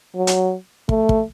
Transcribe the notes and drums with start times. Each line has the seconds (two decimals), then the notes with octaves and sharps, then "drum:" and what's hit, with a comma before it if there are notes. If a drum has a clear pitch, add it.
0.15 F#3
0.27 drum: hi-hat
0.89 A3, drum: kick
1.09 drum: kick